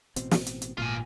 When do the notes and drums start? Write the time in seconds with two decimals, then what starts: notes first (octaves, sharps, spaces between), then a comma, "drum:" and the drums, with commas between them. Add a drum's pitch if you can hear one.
0.16 A1 B2 C4, drum: hi-hat
0.31 drum: snare
0.46 drum: hi-hat
0.62 drum: hi-hat
0.78 G#1 A#2 F4 G#5